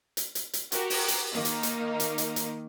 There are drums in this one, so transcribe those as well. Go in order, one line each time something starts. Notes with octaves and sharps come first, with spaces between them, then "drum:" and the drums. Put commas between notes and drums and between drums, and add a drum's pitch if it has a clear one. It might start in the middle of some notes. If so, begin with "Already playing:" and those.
drum: hi-hat
drum: hi-hat
drum: hi-hat
F#4 G4 A#4, drum: hi-hat
drum: open hi-hat
drum: hi-hat
D#3 A#3 D#4
drum: hi-hat
drum: hi-hat
drum: hi-hat
drum: hi-hat
drum: hi-hat